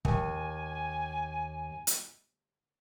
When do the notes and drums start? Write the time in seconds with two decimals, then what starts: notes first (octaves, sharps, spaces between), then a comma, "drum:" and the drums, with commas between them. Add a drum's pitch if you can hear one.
0.05 D#2 G#5, drum: kick
1.87 drum: hi-hat